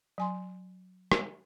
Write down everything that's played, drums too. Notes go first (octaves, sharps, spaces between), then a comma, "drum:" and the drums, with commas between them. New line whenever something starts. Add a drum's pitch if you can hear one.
F#3 G#5 C6
drum: rim click